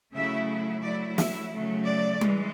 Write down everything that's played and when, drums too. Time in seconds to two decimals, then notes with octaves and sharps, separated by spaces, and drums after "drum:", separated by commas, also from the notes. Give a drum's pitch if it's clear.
0.14 C#3 F#3 A3 E4 E5
0.83 F#3 A3 E4 D5
1.18 E5, drum: snare
1.53 C#3 F#3 A3
1.86 D5
2.21 E3 G#3, drum: tom G3